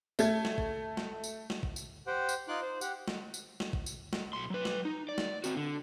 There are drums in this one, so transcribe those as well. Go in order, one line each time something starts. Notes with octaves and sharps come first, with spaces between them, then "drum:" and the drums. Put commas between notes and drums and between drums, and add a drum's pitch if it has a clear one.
A3 G#6, drum: tambourine
drum: snare
drum: kick
drum: snare
drum: tambourine
drum: snare
drum: kick
drum: tambourine
G4 C5 F#5 G5
drum: tambourine
D#4 F4 C6 D6 F#6
C5
G4 F#5, drum: tambourine
drum: snare
drum: tambourine
drum: snare
drum: kick
drum: tambourine
drum: snare
B1 C6
F#3 B4
drum: snare
D#4
D5
drum: snare
C4 F#4, drum: tambourine
D3